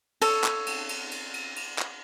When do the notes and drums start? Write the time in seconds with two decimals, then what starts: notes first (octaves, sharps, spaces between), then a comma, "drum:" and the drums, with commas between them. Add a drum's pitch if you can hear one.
0.22 A4 C#5, drum: cymbal
0.44 drum: clap
0.66 drum: cymbal
0.89 drum: cymbal
1.11 drum: cymbal
1.34 drum: cymbal
1.56 drum: cymbal
1.79 drum: clap